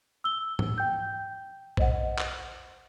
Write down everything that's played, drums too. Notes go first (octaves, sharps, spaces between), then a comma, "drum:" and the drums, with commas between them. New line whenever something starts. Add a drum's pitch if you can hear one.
E6 G7
drum: tom
G5 G6
C5 D#5 F#5, drum: kick
drum: clap